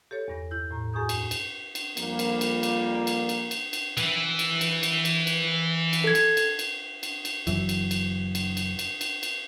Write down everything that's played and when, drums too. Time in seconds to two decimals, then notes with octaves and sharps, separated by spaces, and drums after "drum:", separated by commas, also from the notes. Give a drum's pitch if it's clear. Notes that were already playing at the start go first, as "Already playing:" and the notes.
0.11 G4 A4 C#5
0.28 E2 G2 A#6
0.51 E4 G6
0.71 A2 A#5
0.93 F#2 G#4 G#5 C#6 D#6 G6
1.09 drum: cymbal
1.31 drum: cymbal
1.75 drum: cymbal
1.97 F2 G3 A#3, drum: cymbal
2.19 drum: cymbal
2.41 drum: cymbal
2.63 drum: cymbal
3.07 drum: cymbal
3.29 drum: cymbal
3.51 drum: cymbal
3.73 drum: cymbal
3.97 E3, drum: cymbal
4.39 drum: cymbal
4.61 drum: cymbal
4.83 drum: cymbal
5.05 drum: cymbal
5.27 drum: cymbal
5.93 drum: cymbal
6.04 A4 G#6
6.15 drum: cymbal
6.37 drum: cymbal
6.59 drum: cymbal
7.03 drum: cymbal
7.25 drum: cymbal
7.47 F#1 F#2 E3, drum: cymbal
7.69 drum: cymbal
7.91 drum: cymbal
8.35 drum: cymbal
8.57 drum: cymbal
8.79 drum: cymbal
9.01 drum: cymbal
9.23 drum: cymbal